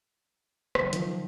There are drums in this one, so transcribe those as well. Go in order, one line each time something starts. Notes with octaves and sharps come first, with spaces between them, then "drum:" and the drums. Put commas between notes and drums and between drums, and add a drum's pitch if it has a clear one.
C#3 E3 F#3, drum: rim click
D#3 F3, drum: hi-hat